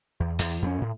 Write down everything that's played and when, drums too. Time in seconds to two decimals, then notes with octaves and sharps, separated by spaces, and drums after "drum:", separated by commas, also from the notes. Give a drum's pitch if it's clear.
0.20 E2
0.39 E2, drum: open hi-hat
0.62 F2 A#3 C#4
0.81 A2